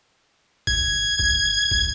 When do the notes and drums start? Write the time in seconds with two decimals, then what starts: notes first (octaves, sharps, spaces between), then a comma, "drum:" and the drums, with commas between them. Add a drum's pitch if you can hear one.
0.67 G#6, drum: kick
1.19 drum: kick
1.71 drum: kick